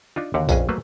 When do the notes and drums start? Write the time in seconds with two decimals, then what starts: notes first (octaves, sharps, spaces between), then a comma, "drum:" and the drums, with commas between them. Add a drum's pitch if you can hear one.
0.16 D4 D#4 F4
0.34 D#2 D3 F#4 G4 F5 F#5
0.49 A#1 F2 C#4 G#4 B4 D#5, drum: kick A#1, tambourine
0.69 F#3 A3 A#3 B4 C5